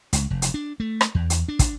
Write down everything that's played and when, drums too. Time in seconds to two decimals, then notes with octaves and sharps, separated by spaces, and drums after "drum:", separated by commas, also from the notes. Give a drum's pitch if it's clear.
0.13 C#2, drum: hi-hat
0.30 F1
0.42 drum: hi-hat
0.54 D4
0.80 A3
1.01 drum: rim click
1.15 E2
1.30 drum: hi-hat
1.48 D4
1.59 drum: kick, hi-hat